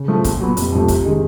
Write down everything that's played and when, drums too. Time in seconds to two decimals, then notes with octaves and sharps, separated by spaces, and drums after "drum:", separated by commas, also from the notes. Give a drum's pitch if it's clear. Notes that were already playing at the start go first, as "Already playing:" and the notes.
Already playing: C#3
0.08 F3 A3
0.24 A#2, drum: kick, hi-hat
0.40 F#3 B3
0.57 F1, drum: hi-hat
0.73 F2 C3 F3 A3
0.88 C3, drum: kick, hi-hat
1.04 D#3 G#3